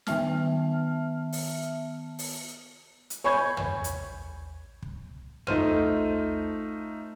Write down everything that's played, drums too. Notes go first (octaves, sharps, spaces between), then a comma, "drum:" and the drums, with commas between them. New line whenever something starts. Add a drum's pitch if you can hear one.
D#3 B3 E5 A5 F6, drum: snare
drum: open hi-hat
drum: open hi-hat
drum: hi-hat
C#5 G#5 B5 C#6 G6 G#6
drum: tom
drum: hi-hat
drum: kick
A3 D#4 F4 C5 F6 D#7, drum: tom